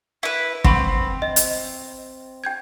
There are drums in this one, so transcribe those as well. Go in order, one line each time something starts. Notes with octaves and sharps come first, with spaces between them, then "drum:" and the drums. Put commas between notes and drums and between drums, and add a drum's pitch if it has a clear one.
E4 B4
C4 F#5 B5 C#6, drum: kick
D#5
drum: hi-hat
G5 G6 G#6